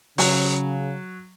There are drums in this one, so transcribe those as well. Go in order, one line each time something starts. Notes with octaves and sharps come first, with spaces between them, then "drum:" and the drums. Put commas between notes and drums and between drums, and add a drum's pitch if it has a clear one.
C#3 F#3, drum: open hi-hat